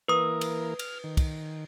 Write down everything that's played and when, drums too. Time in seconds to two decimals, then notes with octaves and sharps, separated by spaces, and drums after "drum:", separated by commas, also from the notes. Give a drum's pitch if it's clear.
0.08 E3 A#3 A#4 B4 D#6
0.41 drum: cymbal
0.79 F6, drum: cymbal
1.04 D#3
1.17 drum: kick, cymbal